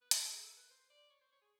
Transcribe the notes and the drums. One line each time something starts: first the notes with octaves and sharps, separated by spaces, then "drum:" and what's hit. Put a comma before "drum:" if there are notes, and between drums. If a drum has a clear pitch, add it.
B4
A#4, drum: hi-hat
A4
G#4
A4
A#4
B4
C5
D5
C#5
C5
C#5
G#4